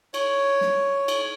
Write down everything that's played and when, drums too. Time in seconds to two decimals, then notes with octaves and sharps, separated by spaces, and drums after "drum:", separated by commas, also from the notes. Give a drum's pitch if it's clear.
0.14 C#5, drum: cymbal
0.61 drum: snare
1.08 drum: cymbal